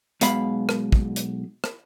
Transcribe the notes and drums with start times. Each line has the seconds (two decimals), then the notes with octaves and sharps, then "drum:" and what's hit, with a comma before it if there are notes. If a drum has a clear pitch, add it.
0.21 B1 B2 G#3 F5 B5, drum: hi-hat
0.69 drum: rim click
0.92 drum: kick
1.16 drum: hi-hat
1.64 drum: rim click